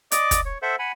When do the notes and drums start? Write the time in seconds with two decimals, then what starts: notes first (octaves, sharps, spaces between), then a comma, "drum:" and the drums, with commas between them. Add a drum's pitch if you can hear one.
0.12 D5 D#5 D6, drum: hi-hat
0.31 drum: kick, hi-hat
0.45 C#5
0.62 A4 C5 E5 F#5
0.79 F#5 G#5 B5